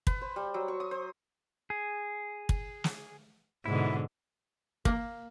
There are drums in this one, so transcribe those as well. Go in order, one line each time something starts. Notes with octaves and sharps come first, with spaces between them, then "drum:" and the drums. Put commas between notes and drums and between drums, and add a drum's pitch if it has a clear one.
B4, drum: kick
C5
G3
F#3
C#6
D#6
C5
G#4
drum: kick
drum: snare
G#2 B2 D3 E4
A#3, drum: kick